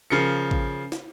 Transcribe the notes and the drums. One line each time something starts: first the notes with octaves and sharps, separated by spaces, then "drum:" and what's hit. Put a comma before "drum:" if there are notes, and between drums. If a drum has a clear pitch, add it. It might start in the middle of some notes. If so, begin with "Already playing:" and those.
C#3 F3 A#4 C#7
drum: kick A1
drum: snare